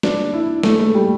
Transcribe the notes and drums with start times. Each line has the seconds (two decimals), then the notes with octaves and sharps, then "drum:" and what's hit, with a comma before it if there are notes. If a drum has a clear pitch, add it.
0.03 D4, drum: snare
0.33 E4
0.63 A3, drum: snare
0.79 A3
0.95 G3